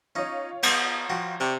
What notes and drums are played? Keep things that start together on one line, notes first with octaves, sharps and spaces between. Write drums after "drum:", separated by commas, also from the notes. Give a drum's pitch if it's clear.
C#4 D#4 F4 C#5
B3 G#4 D#5, drum: cymbal
F3 F#4 G5
C3 D5 G5 C#6